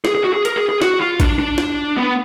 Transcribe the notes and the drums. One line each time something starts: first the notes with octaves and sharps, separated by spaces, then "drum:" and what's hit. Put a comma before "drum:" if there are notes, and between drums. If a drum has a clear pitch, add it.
G#4, drum: snare
G#4
F#4
G#4
A#4, drum: hi-hat
G#4
G#4
F#4, drum: snare
F4
D4, drum: kick, hi-hat
D4
drum: snare
B3